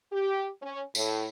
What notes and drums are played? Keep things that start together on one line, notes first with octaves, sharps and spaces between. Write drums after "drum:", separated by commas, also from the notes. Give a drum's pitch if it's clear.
G4
C#4
A2, drum: tambourine